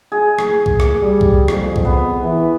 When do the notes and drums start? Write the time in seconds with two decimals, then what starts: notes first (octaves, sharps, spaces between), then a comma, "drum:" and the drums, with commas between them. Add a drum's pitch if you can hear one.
0.12 G#4
0.39 drum: rim click
0.66 drum: kick B1
0.80 drum: rim click
1.02 G3
1.21 drum: kick B1
1.48 F2, drum: rim click
1.76 drum: kick B1
1.85 B3
2.22 E3